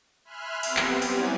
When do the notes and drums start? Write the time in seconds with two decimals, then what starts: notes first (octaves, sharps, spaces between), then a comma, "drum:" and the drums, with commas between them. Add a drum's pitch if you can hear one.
0.25 E5 G#5 B5 C6 F6 F#6
0.63 B3 C4 G4, drum: cymbal
0.77 drum: clap
1.02 F#3 G3 C#4 E4 G#5 D6, drum: cymbal